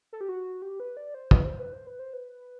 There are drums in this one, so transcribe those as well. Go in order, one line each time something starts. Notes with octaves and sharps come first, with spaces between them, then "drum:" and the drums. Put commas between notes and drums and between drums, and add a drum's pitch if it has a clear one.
A4
G4
F#4
G4
B4
D5
C5
B4, drum: kick
C5
B4
C5
B4
C5
B4